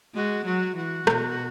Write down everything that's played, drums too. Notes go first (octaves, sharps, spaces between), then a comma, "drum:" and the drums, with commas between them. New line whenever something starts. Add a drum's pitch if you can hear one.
G#3 F#4
F#3 F#4
E3 F#4
B2, drum: rim click